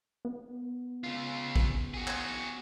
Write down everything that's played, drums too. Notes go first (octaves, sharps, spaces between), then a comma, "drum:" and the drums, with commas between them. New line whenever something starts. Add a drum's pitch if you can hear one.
B3
C#3 F4
drum: kick
F#4 G#4
drum: clap